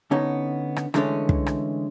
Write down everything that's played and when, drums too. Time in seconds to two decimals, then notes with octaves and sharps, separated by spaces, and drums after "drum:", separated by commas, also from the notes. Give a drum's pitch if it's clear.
0.11 D3 B3 C#4 D#4
0.76 drum: rim click
0.94 D3 E3 G#3 A3 C4 C#4, drum: rim click
1.29 drum: kick
1.46 drum: rim click